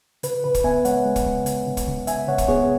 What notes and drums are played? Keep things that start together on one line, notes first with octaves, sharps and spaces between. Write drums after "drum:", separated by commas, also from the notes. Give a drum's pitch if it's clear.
C#3 B4, drum: hi-hat
C#3 B4
drum: kick, hi-hat
B3 E5 G#5
G#3 C#5 F#5, drum: hi-hat
G#3
drum: kick, hi-hat
C#3
C#3, drum: hi-hat
C#3
drum: kick, hi-hat
C#3
C#3 E5 G#5, drum: hi-hat
C#3 C#5 F#5
drum: kick, hi-hat
B3 G#4 C#5